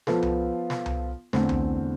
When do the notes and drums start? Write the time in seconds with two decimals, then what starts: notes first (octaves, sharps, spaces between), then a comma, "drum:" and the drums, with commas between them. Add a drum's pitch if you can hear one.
0.07 F3 B3 F4 A4, drum: snare
0.22 drum: tom C2
0.70 drum: snare
0.86 drum: tom C2
1.33 E2 D3 A3 C4, drum: snare
1.49 drum: tom C2